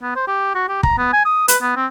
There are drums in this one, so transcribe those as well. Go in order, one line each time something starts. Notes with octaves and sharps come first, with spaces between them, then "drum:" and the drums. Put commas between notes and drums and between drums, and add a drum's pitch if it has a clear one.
B3
C5
G4
F#4
G4
A#5, drum: kick
B3
G#5
D#6
B4, drum: hi-hat
B3
C4